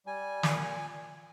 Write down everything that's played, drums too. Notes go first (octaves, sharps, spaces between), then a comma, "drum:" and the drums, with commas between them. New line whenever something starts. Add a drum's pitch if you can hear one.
G3 G#5
A#2, drum: snare